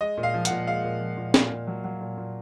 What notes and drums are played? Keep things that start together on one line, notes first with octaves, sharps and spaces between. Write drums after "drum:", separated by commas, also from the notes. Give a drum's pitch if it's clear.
G#3 D#5
A#2
F5
F3
F#5, drum: hi-hat
A#2
G#3 F5
A#2
F3
A#2
A#2, drum: snare
A#2
F#3
F#3
A#2
A#2